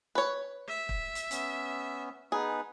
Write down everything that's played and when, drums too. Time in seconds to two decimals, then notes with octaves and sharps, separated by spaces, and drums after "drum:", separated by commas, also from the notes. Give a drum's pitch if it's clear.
0.15 B4 C#5
0.68 E5
0.89 drum: kick
1.15 drum: hi-hat
1.31 B3 C#4, drum: hi-hat
2.32 B3 D#4 G#4 B4